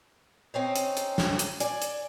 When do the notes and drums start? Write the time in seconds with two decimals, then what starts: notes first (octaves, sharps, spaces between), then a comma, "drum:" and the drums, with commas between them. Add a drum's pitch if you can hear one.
0.54 C4 C#4 D#4
0.76 drum: hi-hat
0.97 drum: hi-hat
1.18 drum: snare
1.39 drum: hi-hat
1.60 D5 G#5, drum: hi-hat
1.82 drum: hi-hat